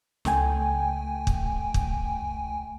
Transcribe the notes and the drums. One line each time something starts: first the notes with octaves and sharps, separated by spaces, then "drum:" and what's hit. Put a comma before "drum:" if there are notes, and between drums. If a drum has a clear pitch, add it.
C#2 A3 G5 G#5, drum: snare
drum: kick
drum: kick